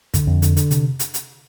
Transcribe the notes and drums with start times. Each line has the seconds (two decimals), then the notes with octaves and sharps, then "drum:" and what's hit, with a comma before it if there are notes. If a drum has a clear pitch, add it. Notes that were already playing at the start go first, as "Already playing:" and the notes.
0.14 D3, drum: kick, hi-hat
0.27 F2
0.42 D3, drum: hi-hat
0.57 D3, drum: hi-hat
0.71 C3, drum: hi-hat
0.99 drum: hi-hat
1.14 drum: hi-hat